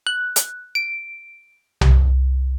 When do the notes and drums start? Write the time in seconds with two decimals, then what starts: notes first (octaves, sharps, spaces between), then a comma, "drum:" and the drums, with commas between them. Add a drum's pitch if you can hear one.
0.07 F#6
0.36 drum: hi-hat
0.75 D7
1.81 C2, drum: tom B1